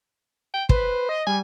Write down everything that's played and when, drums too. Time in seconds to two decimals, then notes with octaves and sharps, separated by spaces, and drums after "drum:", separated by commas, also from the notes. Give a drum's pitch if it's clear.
0.54 G5
0.69 B4 C5, drum: kick
1.09 D#5
1.27 G3 G#5